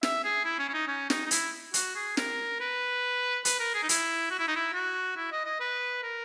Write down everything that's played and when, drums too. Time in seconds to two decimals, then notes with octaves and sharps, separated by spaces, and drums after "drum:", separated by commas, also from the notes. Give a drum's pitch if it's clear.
0.03 E5, drum: snare
0.24 G#4
0.45 E4
0.59 C#4
0.69 C#4
0.74 D#4
0.88 C#4
1.10 D#4, drum: snare
1.27 D#4
1.31 E4, drum: hi-hat
1.74 F#4, drum: hi-hat
1.96 G#4
2.17 A#4, drum: snare
2.60 B4
3.45 B4, drum: hi-hat
3.60 A#4
3.74 G#4
3.83 D#4
3.89 E4, drum: hi-hat
4.31 F#4
4.39 E4
4.48 D#4
4.56 E4
4.74 F#4
5.17 E4
5.32 D#5
5.45 D#5
5.60 B4
6.03 A#4